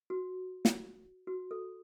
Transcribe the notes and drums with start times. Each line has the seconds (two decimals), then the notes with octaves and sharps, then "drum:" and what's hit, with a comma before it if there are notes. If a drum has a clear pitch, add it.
0.10 F#4
0.65 drum: snare
1.27 F#4
1.51 A4